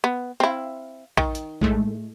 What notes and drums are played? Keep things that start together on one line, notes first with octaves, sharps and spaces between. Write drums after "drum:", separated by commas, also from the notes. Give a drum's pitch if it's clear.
B3
C4 E4 F5
D#3, drum: kick A#1
drum: hi-hat
A2 G#3 A3, drum: kick A#1